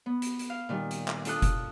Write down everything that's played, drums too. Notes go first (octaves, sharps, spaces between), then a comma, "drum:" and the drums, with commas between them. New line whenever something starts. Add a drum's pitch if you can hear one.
B3
drum: hi-hat
drum: hi-hat
F5
A#2 D#3 G3
drum: hi-hat
drum: clap
D4 F4 A4 D#6 F#6, drum: hi-hat
drum: kick F1, hi-hat